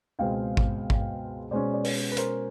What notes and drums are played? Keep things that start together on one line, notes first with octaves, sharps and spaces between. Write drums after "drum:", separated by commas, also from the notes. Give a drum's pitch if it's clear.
C#2 B2 G#3 C4 F5 G5
drum: kick
drum: kick
B2 G#3 C#4 C5 D5
D5
B4 C#5, drum: open hi-hat
B4
A#4 C5, drum: hi-hat